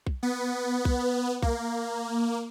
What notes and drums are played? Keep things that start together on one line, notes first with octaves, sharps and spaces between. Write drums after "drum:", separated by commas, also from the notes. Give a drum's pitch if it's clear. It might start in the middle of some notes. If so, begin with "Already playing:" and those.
drum: kick B1
B3
drum: kick B1
A#3, drum: kick B1